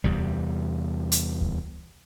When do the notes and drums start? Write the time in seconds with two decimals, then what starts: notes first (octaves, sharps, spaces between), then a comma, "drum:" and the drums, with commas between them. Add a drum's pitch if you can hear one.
0.04 E2 C3 G3, drum: kick D2
1.12 drum: hi-hat
1.41 drum: kick D2